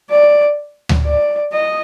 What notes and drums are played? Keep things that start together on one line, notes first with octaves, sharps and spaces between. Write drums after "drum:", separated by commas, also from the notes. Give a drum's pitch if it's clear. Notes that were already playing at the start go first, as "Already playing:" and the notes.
D5
drum: tom D2
D5
D#5